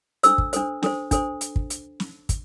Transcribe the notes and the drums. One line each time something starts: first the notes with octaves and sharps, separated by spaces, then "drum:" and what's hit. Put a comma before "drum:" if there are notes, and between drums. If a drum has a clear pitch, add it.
D4 A4 C5 E6, drum: hi-hat
drum: kick
D4 A4 C5, drum: hi-hat
D4 A4 C5, drum: snare
D4 A4 C5, drum: kick, hi-hat
drum: hi-hat
drum: kick
drum: hi-hat
drum: snare
drum: kick, hi-hat